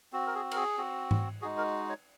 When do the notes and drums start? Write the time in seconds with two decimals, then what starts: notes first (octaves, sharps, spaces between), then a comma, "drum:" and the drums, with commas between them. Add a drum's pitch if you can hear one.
0.13 C4 F#4
0.27 A#4
0.35 G#4
0.51 A#4, drum: cymbal
0.56 G#4
0.78 C4 F#4
1.11 drum: tom G#2
1.42 G#3 D#4 F#4 G#4
1.58 A#4
1.89 C#5